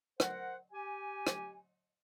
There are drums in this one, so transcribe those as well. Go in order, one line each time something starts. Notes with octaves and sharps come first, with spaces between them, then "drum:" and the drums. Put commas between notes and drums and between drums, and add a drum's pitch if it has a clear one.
A#4 C5 F#5, drum: rim click
G4 G#5
drum: rim click